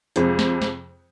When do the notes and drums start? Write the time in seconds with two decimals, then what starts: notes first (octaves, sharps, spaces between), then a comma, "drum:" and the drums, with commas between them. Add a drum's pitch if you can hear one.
0.16 F2 C3 F3 G#3, drum: hi-hat
0.39 drum: snare
0.62 drum: snare